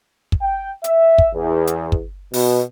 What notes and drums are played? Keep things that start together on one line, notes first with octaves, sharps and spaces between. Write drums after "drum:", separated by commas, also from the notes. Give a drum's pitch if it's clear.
drum: kick
G5
E5, drum: hi-hat
drum: kick
E2
drum: hi-hat
drum: kick
B2, drum: open hi-hat